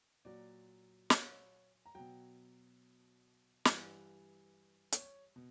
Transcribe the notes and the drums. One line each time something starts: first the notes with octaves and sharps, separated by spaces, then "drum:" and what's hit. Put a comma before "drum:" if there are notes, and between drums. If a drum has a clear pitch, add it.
A#2 F#3 D5
C#5, drum: snare
A#5
B2 F#3 G5
G2 E3 G3, drum: snare
C#5, drum: hi-hat
B2